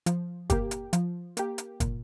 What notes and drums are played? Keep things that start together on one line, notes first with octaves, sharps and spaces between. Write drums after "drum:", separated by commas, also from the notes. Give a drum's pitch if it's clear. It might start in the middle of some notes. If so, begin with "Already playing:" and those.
F3, drum: hi-hat
A#3 G4, drum: kick, hi-hat
drum: hi-hat
F3, drum: hi-hat
A#3 G4, drum: hi-hat
drum: hi-hat
A#2, drum: kick, hi-hat